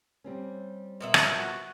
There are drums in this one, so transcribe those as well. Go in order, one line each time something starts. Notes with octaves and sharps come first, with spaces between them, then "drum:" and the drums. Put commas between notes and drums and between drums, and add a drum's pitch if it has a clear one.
G3 C4 C#4
A#2 B3 E5
drum: rim click
F#4